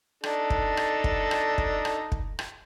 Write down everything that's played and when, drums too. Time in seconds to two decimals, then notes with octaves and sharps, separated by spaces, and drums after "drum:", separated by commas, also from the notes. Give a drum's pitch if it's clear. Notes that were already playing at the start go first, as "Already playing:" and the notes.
0.23 D4 D#4 A4, drum: rim click
0.50 drum: kick
0.77 drum: rim click
1.04 drum: kick
1.31 drum: rim click
1.58 drum: kick
1.85 drum: rim click
2.12 drum: kick
2.39 drum: rim click